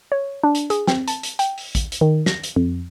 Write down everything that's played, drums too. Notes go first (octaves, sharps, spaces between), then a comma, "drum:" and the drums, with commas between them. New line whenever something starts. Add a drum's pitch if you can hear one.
C#5
D4
drum: hi-hat
G#4, drum: hi-hat
C4, drum: snare
A5, drum: hi-hat
drum: hi-hat
G5, drum: hi-hat
drum: open hi-hat
drum: kick, hi-hat
drum: hi-hat
D#3
A#6, drum: snare
drum: hi-hat
F2